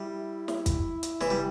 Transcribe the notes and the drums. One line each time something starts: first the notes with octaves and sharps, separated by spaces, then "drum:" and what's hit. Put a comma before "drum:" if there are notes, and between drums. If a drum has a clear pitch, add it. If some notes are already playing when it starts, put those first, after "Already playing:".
Already playing: G3 E4
E4, drum: snare
drum: kick, hi-hat
drum: hi-hat
E3, drum: snare
G3